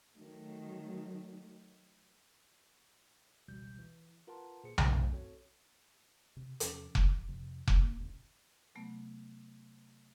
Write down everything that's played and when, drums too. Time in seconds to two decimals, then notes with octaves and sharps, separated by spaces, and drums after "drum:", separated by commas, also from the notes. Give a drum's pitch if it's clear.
0.14 D#3 F#3 A3
3.48 G#1 C#2 B2 E3 G3 G6
3.79 E3
4.27 F4 A#4 B4 F#5 A5 C6
4.64 A#2 G#4 C5 C#7
4.78 A3 D#4 C5 F5 G5 G#5, drum: tom B1
5.11 C4 F#4 A4 C#5
6.37 C3
6.60 E2 C3 F3 C#4, drum: hi-hat
6.95 C#2 G2 E3 F3, drum: kick F1
7.28 F2 C3 F3
7.67 drum: kick F1
7.81 G#1 A#3
7.97 B1 E2 A#2 C#3
8.75 C3 F#3 A3 B3